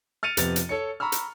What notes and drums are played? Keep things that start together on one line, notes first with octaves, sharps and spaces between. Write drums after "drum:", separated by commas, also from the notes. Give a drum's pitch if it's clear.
F6 A6 C#7 D#7 F7
F2 C3 B3 A6 F7, drum: hi-hat
drum: hi-hat
A4 C#5 C#7
A#5 B5 C#6 E6 F6
drum: hi-hat